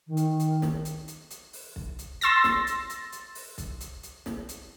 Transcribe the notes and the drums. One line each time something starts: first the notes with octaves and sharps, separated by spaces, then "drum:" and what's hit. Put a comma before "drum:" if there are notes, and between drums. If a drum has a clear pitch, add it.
D#3
drum: hi-hat
drum: hi-hat
drum: snare
drum: hi-hat
drum: hi-hat
drum: hi-hat
drum: open hi-hat
drum: kick B1
drum: hi-hat
C6 E6 A6 A#6, drum: hi-hat
drum: snare
drum: hi-hat
drum: hi-hat
drum: hi-hat
drum: open hi-hat
drum: kick B1, hi-hat
drum: hi-hat
drum: hi-hat
drum: snare
drum: hi-hat